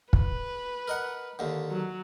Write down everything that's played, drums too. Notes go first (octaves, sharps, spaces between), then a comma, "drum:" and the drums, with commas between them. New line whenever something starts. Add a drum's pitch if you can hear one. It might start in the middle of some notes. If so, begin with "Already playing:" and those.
B4, drum: kick
A#4 D#5 F#5
D#2 D3
F#3